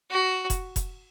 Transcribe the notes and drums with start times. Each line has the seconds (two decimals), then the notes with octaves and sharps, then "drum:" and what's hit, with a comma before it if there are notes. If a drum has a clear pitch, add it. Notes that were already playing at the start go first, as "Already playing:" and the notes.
0.11 F#4
0.50 drum: kick F1, hi-hat
0.76 drum: kick F1, hi-hat